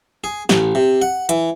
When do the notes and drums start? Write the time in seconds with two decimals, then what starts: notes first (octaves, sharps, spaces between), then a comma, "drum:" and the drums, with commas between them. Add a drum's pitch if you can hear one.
0.24 G#4
0.49 A1, drum: snare
0.75 C3
1.02 F#5
1.29 E3, drum: hi-hat